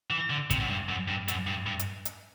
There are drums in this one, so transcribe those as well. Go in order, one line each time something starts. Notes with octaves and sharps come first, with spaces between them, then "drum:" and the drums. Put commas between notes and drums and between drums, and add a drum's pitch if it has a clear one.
E3
D3
C3, drum: kick, hi-hat
F#2
G2
F#2
G2
F#2, drum: hi-hat
G2
G2
drum: hi-hat
drum: hi-hat